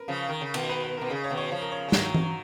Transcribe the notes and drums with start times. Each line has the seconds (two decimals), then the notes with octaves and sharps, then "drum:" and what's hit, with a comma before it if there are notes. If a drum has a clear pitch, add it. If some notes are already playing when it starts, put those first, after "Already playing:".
Already playing: A#4 B4
0.08 C#3 F3
0.29 D#3 A#4
0.41 C#3
0.54 B2 D#3, drum: cymbal
0.69 B4
0.84 B4
0.98 B2 A#4
1.11 C#3 G#4
1.24 C#5
1.31 B2 D#3
1.37 C#5
1.52 C#3 F3 C#5
1.61 A#4
1.72 C#5
1.88 G#3
1.92 D#3 F#3 C#5, drum: snare
2.14 drum: tom E3